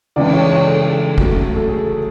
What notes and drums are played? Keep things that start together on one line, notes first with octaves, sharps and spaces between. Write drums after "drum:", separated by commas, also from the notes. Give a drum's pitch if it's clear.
C#3 E3 G#3 D5, drum: cymbal
C#5
C#5
A4
C#3 F#3 A3, drum: kick
A4
G#4